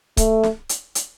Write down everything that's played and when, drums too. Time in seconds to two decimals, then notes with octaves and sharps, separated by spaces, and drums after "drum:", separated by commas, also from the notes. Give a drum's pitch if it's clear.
0.17 A3, drum: kick C#1, hi-hat
0.43 drum: snare
0.69 drum: hi-hat
0.95 drum: hi-hat